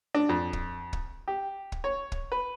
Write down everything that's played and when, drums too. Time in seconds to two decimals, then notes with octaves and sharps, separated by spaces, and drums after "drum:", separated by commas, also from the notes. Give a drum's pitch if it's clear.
0.15 D4
0.29 F2
0.53 drum: kick
0.93 drum: kick
1.28 G4
1.72 drum: kick
1.84 C#5
2.12 drum: kick
2.32 B4